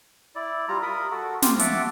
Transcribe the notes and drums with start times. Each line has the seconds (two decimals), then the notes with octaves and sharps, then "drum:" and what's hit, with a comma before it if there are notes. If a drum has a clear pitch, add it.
0.35 E4 D5
0.68 G3 F4 A#5
0.82 A#4 B5 D#6
1.11 F#4 A4
1.42 F4 G4 C5, drum: snare
1.59 E5 F#5 A5 D6, drum: hi-hat